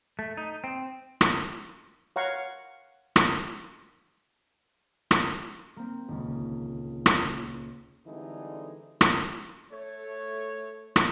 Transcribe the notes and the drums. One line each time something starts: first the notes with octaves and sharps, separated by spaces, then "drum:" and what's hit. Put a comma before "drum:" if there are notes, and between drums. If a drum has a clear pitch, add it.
A3
D#4
C4
drum: rim click
C#5 F5 F#5 A#5 C#6
drum: rim click
drum: rim click
A#3 C4
D#1 C#2
drum: rim click
D3 E3 G3 G#3 C4 D#4
drum: rim click
A3 C#5
drum: rim click